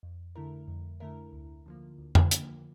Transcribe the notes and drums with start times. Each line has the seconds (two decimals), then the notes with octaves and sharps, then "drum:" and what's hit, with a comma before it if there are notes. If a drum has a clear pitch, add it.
0.03 F2
0.35 D3 A3 E4 A#4
0.68 F2
1.00 D3 A3 E4 A#4
1.33 D2
1.66 D3 F3 A#3
1.98 D2
2.15 drum: tom F2
2.31 D3 F3 A#3, drum: hi-hat